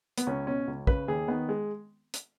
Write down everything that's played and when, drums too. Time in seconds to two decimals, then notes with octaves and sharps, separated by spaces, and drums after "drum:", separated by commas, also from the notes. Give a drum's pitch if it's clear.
0.18 B3, drum: hi-hat
0.27 C#2 C#4
0.47 B2 C#4
0.67 C#2
0.87 C#3 B4, drum: kick
1.08 D#2 G#4
1.28 D#3 B3
1.49 G#3
2.14 drum: hi-hat